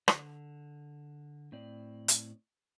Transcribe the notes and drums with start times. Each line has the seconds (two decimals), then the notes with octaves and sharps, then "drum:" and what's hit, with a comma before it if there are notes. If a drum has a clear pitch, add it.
0.08 D3, drum: rim click
1.52 A2 C4 D5
2.08 drum: hi-hat